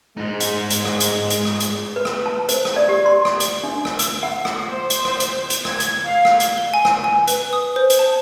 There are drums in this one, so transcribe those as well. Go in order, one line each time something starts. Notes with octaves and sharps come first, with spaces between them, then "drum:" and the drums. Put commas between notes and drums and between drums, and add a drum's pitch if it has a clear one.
G#2 G#3 D#4
drum: hi-hat
drum: hi-hat
drum: rim click
drum: hi-hat
drum: hi-hat
drum: rim click
drum: hi-hat
B4
drum: rim click
A5
C5, drum: hi-hat
drum: rim click
D5
G4
C6
drum: rim click
drum: hi-hat
D4
drum: rim click
E6, drum: hi-hat
F#5
drum: rim click
C5
drum: hi-hat
drum: rim click
drum: hi-hat
drum: hi-hat
G#6, drum: rim click
drum: hi-hat
F5
drum: rim click
drum: hi-hat
G7
G#5
drum: rim click
G#5
B4, drum: hi-hat
D#6
C5
drum: hi-hat
A5